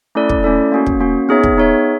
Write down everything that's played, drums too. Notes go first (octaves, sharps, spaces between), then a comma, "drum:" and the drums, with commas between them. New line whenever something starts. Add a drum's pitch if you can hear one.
A3 C#4 E4 A4 D5
drum: kick
A3 C#4 E4 A4 D5
A#3 C#4 F#4
drum: kick
A#3 C#4 F#4
B3 D#4 G#4 C#5 E5
drum: kick
B3 D#4 G#4 C#5 E5